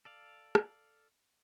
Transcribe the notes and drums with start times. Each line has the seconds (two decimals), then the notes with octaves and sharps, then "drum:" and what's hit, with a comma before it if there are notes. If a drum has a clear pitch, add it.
0.05 A4 D5 F5
0.55 drum: rim click